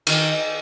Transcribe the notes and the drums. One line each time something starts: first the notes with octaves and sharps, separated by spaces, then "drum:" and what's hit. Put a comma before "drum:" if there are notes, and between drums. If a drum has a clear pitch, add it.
D#3, drum: cymbal